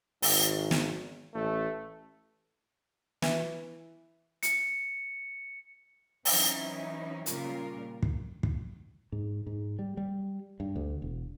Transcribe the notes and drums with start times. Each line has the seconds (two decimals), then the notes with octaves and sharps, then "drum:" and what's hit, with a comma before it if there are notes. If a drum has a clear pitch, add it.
0.22 G#1, drum: open hi-hat
0.71 drum: snare
1.34 A1 A3
3.22 E3, drum: snare
4.43 C#7, drum: hi-hat
6.25 E3 F#3 C4 C#4 D#4 E4, drum: open hi-hat
7.26 A#2 C#3 G3 C#4 F4 A#4, drum: hi-hat
8.03 drum: kick
8.43 drum: kick
9.12 G#2
9.46 G#2
9.79 G3
9.97 G3
10.60 G2
10.76 D2
11.02 E1